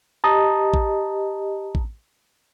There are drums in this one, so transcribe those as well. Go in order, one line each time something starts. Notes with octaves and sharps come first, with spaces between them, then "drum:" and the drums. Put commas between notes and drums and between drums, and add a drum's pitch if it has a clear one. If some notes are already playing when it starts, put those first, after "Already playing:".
G4 D#5 A5 A#5 D#6
drum: kick A1
drum: kick A1